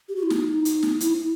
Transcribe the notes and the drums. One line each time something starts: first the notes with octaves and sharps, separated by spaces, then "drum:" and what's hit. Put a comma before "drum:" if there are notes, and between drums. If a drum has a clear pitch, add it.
G4
F#4
E4
D#4, drum: snare
drum: hi-hat
drum: snare
E4, drum: hi-hat